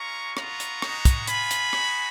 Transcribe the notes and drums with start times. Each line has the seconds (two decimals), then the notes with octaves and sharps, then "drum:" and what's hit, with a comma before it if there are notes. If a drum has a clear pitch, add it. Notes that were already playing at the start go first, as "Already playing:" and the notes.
Already playing: G#3 C#4 F4 A#5 C#6
0.37 B3 F4 A#5 C#6, drum: rim click
0.60 drum: hi-hat
0.82 G#3 B3 D#4 F#4, drum: rim click
1.05 drum: kick, hi-hat
1.27 B3 F4 G#5 B5, drum: hi-hat
1.51 drum: hi-hat
1.73 G#3 D#4 F#4, drum: rim click